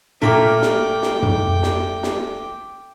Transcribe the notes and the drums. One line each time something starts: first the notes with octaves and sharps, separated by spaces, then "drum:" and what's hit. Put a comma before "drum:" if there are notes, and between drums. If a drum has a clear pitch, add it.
A#2 A3 A#3 C4 D4 A#4 G5 D6
drum: snare
drum: snare
drum: tom
drum: snare
drum: snare